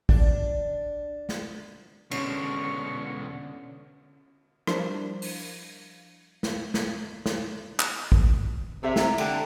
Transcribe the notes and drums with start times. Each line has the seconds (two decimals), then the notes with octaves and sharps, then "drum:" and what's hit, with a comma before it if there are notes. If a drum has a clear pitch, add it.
0.09 D4, drum: kick A1
1.29 drum: snare
2.11 B2 D3 G#3 C#4 A#4 C#6, drum: cymbal
4.67 F3 G3 D4 E4 A#4 C5, drum: rim click
5.22 drum: open hi-hat
6.43 drum: snare
6.74 drum: snare
7.26 drum: snare
7.80 drum: clap
8.12 drum: kick A1
8.83 C3 A4 D5 E5
8.96 E4 E5 A#5, drum: snare
9.18 D3 D4 G5, drum: cymbal